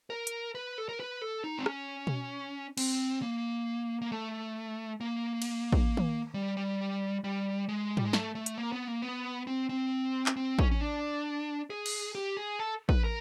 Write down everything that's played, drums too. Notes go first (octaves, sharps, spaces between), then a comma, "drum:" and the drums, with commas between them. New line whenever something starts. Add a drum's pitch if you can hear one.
A#4
drum: hi-hat
B4
A4
A#4
B4
A4
D#4
C4
C#4, drum: rim click
drum: tom B2
C4, drum: cymbal
A#3
A#3
A3
A#3
drum: cymbal
drum: kick
drum: tom D#3
G3
G3
G3
G#3
G3, drum: tom G#2
G#3
A3, drum: snare
A3
drum: hi-hat
A#3
B3
A#3
B3
C4
C4
drum: clap
C4
C#4, drum: kick
C#4
D4
G#4
drum: cymbal
G4
G#4
A4
B4, drum: kick
A#4